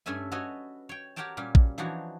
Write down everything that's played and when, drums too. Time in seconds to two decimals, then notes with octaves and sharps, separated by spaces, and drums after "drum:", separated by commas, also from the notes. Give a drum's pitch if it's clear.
0.06 G2 A3 C#4 A4 E5 G#5
0.31 F#4 A4 B4 C#5 D#5 G#5
0.89 C#5 G5
1.16 F#4 G4 A#4 C#5 G5 A5
1.37 A#2 G3 C#4
1.55 drum: kick A#1
1.78 E3 F3 D4 D#4 F#4 C#5